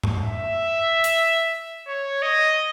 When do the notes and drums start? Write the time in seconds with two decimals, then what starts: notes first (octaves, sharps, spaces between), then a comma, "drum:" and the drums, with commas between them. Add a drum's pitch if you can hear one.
0.03 drum: tom G#2
0.20 E5
1.04 drum: hi-hat
1.88 C#5
2.22 D#5